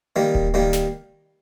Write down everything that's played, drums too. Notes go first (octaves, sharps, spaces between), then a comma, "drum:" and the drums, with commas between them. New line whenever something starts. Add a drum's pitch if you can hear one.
D#3 G3 A#3
drum: kick D1
D#3 G3 A#3
drum: snare